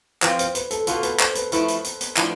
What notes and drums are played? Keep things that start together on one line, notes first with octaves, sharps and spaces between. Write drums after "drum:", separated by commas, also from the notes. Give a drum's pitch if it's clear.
F3 C4 F4 B4, drum: clap
C5, drum: hi-hat
B4, drum: hi-hat
A4, drum: hi-hat
B2 B3 F4 A4, drum: hi-hat
B4, drum: hi-hat
C5, drum: clap
B4, drum: hi-hat
F3 A3 E4 B4, drum: hi-hat
drum: hi-hat
drum: hi-hat
drum: hi-hat
A2 F3 B3 D4, drum: clap